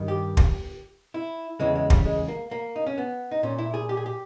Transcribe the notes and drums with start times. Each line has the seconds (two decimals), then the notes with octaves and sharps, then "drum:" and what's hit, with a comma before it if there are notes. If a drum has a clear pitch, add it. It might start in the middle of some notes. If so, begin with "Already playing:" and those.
Already playing: G2 D#3
0.08 G4
0.37 drum: kick
1.14 E4
1.60 E2 C#3 E3 G#3
1.75 G#3
1.90 G3, drum: kick
2.05 G#3
2.28 A#3
2.51 A#3
2.76 D#4
2.87 C#4
2.98 B3
3.31 D#4
3.43 A#2 C#4
3.58 E4
3.74 G#4
3.89 G4
3.97 G#4
4.06 G4